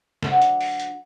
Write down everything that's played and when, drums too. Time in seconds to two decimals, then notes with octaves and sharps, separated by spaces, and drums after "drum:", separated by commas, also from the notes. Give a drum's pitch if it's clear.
0.23 D2 F#3 D4 C5 F#5, drum: snare
0.42 drum: hi-hat
0.61 drum: open hi-hat
0.80 drum: hi-hat